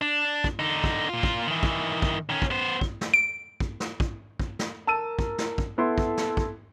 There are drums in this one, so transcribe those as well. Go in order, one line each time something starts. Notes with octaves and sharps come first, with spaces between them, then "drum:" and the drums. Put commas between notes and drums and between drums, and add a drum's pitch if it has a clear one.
D4
drum: kick
D3 D#4
drum: kick
A#2 F4
drum: kick
D#3 E3
drum: kick
drum: kick
D#3 C#4
drum: kick
B3 C5
drum: kick
drum: snare
D7
drum: kick
drum: snare
drum: kick
drum: kick
drum: snare
A#4 A5 E6 D#7
drum: kick
drum: snare
drum: kick
B3 E4 A4 C6
drum: kick
drum: snare
drum: kick